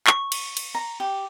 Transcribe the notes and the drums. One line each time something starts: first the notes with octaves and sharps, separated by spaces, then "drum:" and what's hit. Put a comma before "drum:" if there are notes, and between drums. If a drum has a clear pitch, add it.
C#6, drum: clap
drum: cymbal
drum: cymbal
A#5
G4